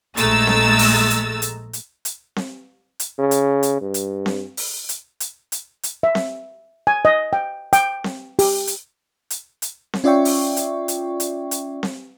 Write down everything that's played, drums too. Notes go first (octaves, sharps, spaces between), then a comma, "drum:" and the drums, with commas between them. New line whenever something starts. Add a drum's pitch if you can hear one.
A#1 G#3 A3 A#5 E6 A6, drum: hi-hat
drum: snare C4
drum: open hi-hat
drum: hi-hat
drum: hi-hat
drum: hi-hat
drum: hi-hat
drum: snare C4
drum: hi-hat
C#3
drum: hi-hat
drum: hi-hat
G2
drum: hi-hat
drum: snare C4
drum: open hi-hat
drum: hi-hat
drum: hi-hat
drum: hi-hat
drum: hi-hat
E5
drum: snare C4
G#5
D#5
G5
G5, drum: hi-hat
drum: snare C4
G4, drum: open hi-hat
drum: hi-hat
drum: hi-hat
drum: hi-hat
drum: snare C4
C#4 F4 D5 E5 G5 C#6
drum: open hi-hat
drum: hi-hat
drum: hi-hat
drum: hi-hat
drum: hi-hat
drum: snare C4